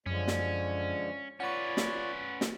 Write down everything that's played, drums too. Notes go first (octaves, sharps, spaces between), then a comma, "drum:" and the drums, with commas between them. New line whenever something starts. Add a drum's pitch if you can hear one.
F#2 D3 F3 G#3 C#4
drum: snare
C#4 F4 B4 C#5 D5 F#5 C#6
drum: snare
drum: snare